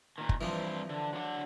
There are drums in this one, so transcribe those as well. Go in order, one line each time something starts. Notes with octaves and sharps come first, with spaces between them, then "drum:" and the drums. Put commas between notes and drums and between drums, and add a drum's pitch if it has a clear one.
A#2 D#3
drum: kick
G2 E3 F3 C4
D3
F#3 D4 F#5